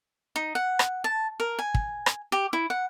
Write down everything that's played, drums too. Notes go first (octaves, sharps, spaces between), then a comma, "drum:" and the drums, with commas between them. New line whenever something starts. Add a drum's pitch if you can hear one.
D#4
F#5
drum: rim click
A5
A#4
G#5
drum: kick
drum: rim click
G4
E4
F#5